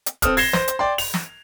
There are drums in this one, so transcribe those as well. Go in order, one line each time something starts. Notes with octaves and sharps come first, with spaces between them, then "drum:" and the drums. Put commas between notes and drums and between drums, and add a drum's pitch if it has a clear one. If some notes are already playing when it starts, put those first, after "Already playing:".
drum: hi-hat
C4 A4 D#6 F6, drum: kick D1, hi-hat
G#6 A#6 C7 E7 G7, drum: open hi-hat
C5, drum: snare
drum: hi-hat
D5 G5 C6
F7, drum: open hi-hat
drum: snare